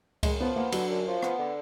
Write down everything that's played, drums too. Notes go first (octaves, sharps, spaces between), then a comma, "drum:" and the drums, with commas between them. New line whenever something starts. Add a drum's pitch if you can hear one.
F#2 G#3, drum: kick C#2, cymbal
F3 B3
A#3 B3
D3 F#3, drum: cymbal
F#2
F3
B3, drum: rim click
D3